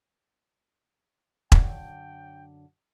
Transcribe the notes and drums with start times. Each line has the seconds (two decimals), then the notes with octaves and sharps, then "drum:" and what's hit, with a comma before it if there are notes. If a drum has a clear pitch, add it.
1.52 F#2 D3 C#5 G5, drum: kick E1